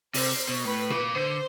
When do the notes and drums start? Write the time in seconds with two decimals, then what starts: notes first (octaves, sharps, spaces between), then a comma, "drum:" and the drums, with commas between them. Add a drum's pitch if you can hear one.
0.14 C3 C5, drum: open hi-hat
0.49 B2
0.64 A2 B4
0.90 A#2, drum: tom A#2
1.15 D3 C5